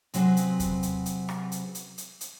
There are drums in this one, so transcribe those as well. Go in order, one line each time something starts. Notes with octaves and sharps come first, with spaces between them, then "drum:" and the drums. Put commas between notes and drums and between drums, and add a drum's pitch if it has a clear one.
C3 F#3 C4 G#4 B4, drum: hi-hat
drum: hi-hat
drum: kick E2, hi-hat
drum: hi-hat
drum: hi-hat
drum: rim click
drum: hi-hat
drum: hi-hat
drum: hi-hat
drum: hi-hat